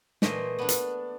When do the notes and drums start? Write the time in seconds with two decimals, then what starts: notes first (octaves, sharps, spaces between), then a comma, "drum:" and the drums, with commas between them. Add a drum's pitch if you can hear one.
0.22 A#2 E3 A3 C5 D#5, drum: snare
0.59 B3 D4
0.69 drum: hi-hat